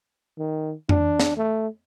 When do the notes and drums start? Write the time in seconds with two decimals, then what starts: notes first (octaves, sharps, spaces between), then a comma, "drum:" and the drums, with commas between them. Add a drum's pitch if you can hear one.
0.38 D#3
0.89 D4, drum: tom F2
1.20 drum: snare
1.37 A3